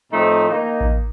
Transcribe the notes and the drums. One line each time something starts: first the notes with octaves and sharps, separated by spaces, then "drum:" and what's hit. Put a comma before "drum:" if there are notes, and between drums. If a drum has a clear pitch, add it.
A2 F3 A3 C4 D#4
D#3 A#3 D#4
drum: kick A1